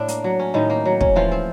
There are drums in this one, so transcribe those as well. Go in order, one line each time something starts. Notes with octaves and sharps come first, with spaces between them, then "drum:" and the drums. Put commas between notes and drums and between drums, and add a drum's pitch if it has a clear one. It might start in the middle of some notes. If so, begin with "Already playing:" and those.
Already playing: A2 D4
A#3, drum: hi-hat
F#3
C#4
A2 D#3 D#4
A#3
F#3
C#4, drum: kick
E3 F3 F4
C4